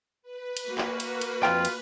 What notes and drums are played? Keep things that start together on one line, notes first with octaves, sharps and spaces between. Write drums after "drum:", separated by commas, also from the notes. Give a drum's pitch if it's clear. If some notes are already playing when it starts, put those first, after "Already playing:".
B4
drum: cymbal
A#3 F#4
drum: clap
drum: cymbal
drum: cymbal
F2 F4 G5, drum: clap
drum: cymbal